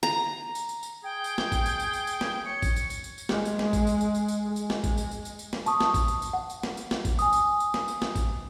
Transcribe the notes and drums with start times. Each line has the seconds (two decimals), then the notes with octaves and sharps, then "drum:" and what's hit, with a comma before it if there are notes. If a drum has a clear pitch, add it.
0.03 A#5
0.55 drum: tambourine
0.69 drum: tambourine
0.83 drum: tambourine
1.04 G#4 G5
1.24 drum: tambourine
1.38 drum: snare
1.52 drum: kick, tambourine
1.66 drum: tambourine
1.80 drum: tambourine
1.93 drum: tambourine
2.07 drum: tambourine
2.21 drum: snare
2.46 C#5 C#7
2.62 drum: kick, tambourine
2.76 drum: tambourine
2.90 drum: tambourine
3.04 drum: tambourine
3.18 drum: tambourine
3.29 G#3, drum: snare
3.45 drum: tambourine
3.59 drum: snare
3.73 drum: kick, tambourine
3.87 drum: tambourine
4.01 drum: tambourine
4.15 drum: tambourine
4.28 drum: tambourine
4.46 G#3
4.56 drum: tambourine
4.70 drum: snare
4.84 drum: kick, tambourine
4.98 drum: tambourine
5.11 drum: tambourine
5.25 drum: tambourine
5.39 drum: tambourine
5.53 drum: snare
5.66 A5 C#6 D#6, drum: tambourine
5.80 drum: snare
5.94 drum: kick, tambourine
6.08 drum: tambourine
6.22 drum: tambourine
6.33 F#5
6.50 drum: tambourine
6.63 drum: snare
6.77 drum: tambourine
6.91 drum: snare
7.05 drum: kick, tambourine
7.19 G#5 D#6, drum: tambourine
7.33 drum: tambourine
7.60 drum: tambourine
7.74 drum: snare
7.88 drum: tambourine
8.02 drum: snare
8.16 drum: kick, tambourine